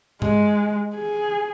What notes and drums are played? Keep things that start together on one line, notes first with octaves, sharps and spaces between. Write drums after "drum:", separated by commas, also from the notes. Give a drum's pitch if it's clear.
G#3, drum: tom G2
G#4